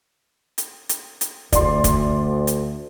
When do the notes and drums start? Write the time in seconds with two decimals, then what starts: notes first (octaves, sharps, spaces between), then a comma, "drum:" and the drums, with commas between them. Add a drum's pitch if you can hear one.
0.58 drum: hi-hat
0.89 drum: hi-hat
1.21 drum: hi-hat
1.52 D2 D5 C6, drum: kick, hi-hat
1.84 drum: kick, hi-hat
2.47 drum: hi-hat